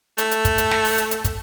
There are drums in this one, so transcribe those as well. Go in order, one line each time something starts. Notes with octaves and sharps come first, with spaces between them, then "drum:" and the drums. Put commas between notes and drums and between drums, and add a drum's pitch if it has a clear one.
A3, drum: hi-hat
drum: hi-hat
drum: kick, hi-hat
drum: hi-hat
drum: snare
drum: open hi-hat
drum: hi-hat
drum: hi-hat
drum: kick, hi-hat